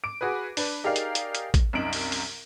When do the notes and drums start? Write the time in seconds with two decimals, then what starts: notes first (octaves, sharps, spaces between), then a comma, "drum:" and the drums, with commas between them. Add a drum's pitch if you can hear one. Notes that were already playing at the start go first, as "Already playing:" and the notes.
0.04 D6 D7
0.21 F#4 G#4 B4
0.57 D4 B4, drum: open hi-hat
0.84 D#4 G4 G#4 A#4 D5 F5
0.96 drum: hi-hat
1.15 drum: hi-hat
1.35 drum: hi-hat
1.54 drum: kick A1, hi-hat
1.73 C2 F#2 D#4 D7 F#7
1.93 drum: open hi-hat
2.12 drum: open hi-hat